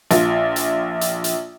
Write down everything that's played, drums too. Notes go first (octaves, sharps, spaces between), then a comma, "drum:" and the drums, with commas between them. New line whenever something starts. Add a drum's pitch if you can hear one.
A#1 F4, drum: hi-hat
drum: hi-hat
drum: hi-hat
drum: hi-hat